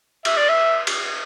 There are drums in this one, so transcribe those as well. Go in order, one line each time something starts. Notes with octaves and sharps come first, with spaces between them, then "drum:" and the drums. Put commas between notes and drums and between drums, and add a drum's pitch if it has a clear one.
E5, drum: cymbal
D5
E5
drum: cymbal